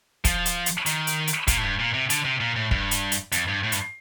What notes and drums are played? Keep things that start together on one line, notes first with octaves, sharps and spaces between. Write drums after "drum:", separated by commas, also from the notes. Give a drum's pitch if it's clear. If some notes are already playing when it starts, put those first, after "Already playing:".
F3, drum: kick, hi-hat
drum: hi-hat
drum: hi-hat
D#3, drum: hi-hat
drum: hi-hat
drum: hi-hat
A#2, drum: kick, hi-hat
A2
G2
A#2
C3
D3, drum: hi-hat
C3
A#2
A2
G2, drum: kick
drum: hi-hat
drum: hi-hat
F2, drum: hi-hat
G2
A2
G2, drum: hi-hat